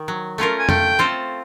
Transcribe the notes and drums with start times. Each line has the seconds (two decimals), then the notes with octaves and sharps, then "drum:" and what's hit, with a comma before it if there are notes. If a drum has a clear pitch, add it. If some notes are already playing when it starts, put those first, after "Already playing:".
Already playing: D#3
0.08 F#3
0.38 A3 C#4 F4 A#4
0.59 G#5
0.69 A3 G5, drum: tom F2
0.99 C4 F4 A4 C5